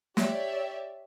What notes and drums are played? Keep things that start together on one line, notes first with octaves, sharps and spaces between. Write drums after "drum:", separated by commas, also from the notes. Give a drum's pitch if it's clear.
G4 C#5 D5 E5, drum: snare